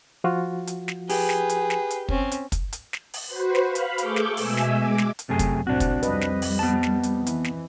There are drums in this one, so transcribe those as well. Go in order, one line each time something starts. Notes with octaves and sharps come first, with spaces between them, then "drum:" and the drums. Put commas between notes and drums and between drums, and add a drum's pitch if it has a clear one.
F3 F4 F#4
drum: hi-hat
drum: snare
G4 G#4 B4, drum: open hi-hat
drum: snare
drum: hi-hat
drum: snare
drum: hi-hat
C4 C#4, drum: kick
drum: hi-hat
drum: kick, hi-hat
drum: hi-hat
drum: snare
drum: open hi-hat
F#4 B4 C5
drum: snare
F5 B5
drum: hi-hat
A3 G#4 A4 C#6 D6 G6, drum: hi-hat
drum: snare
B2 G#3 E5 G#5 E6, drum: open hi-hat
drum: snare
G#3 D6
drum: snare
drum: hi-hat
F#2 C3 A3 G#4
drum: kick, hi-hat
C2 A2 C4 D4 F#4
drum: kick, hi-hat
F2 G3 B4 D#5, drum: hi-hat
drum: snare
drum: open hi-hat
B3 A5
drum: snare
drum: hi-hat
E3, drum: hi-hat
drum: snare